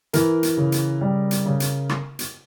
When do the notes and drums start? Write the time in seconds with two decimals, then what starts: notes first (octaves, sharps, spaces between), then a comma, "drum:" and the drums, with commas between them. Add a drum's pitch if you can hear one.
0.13 E3 A#4, drum: hi-hat
0.43 drum: hi-hat
0.57 C#3
0.72 drum: hi-hat
1.01 G3
1.31 drum: hi-hat
1.45 C#3
1.60 drum: hi-hat
1.89 drum: rim click
2.19 drum: hi-hat